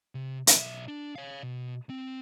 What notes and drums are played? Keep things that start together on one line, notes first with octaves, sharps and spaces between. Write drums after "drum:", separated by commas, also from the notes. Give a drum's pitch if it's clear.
C3
B1 E5, drum: hi-hat
D4
C#5 F5
B2
C4